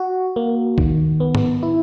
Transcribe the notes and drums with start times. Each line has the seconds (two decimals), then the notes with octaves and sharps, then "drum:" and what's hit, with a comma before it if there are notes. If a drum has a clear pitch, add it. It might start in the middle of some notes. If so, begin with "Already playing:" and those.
Already playing: F#4
0.36 A#3
0.78 D#3, drum: kick
1.20 B3
1.35 drum: tom G#2
1.63 E4